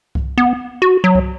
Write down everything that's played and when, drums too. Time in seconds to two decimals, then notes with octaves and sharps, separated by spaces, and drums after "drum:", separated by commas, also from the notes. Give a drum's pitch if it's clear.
0.15 drum: kick C2
0.38 B3
0.82 F#4
1.04 F#3
1.15 drum: kick C2